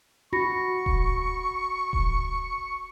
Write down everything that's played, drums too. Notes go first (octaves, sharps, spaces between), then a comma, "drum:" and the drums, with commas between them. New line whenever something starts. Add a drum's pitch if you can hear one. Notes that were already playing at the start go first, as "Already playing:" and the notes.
F#4 B5 C#6 A#6 C#7
drum: kick D#1
drum: kick D#1